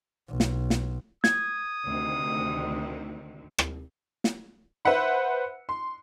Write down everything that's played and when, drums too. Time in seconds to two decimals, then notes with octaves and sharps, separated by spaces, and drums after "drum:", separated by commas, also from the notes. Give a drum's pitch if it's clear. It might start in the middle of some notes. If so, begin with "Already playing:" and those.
0.29 B1
0.40 drum: snare
0.70 drum: snare
1.24 D#6 G#6, drum: snare
1.86 D2 C3 D#3
3.58 drum: rim click
4.24 drum: snare
4.85 B4 C5 E5 F#5 B5
5.69 C6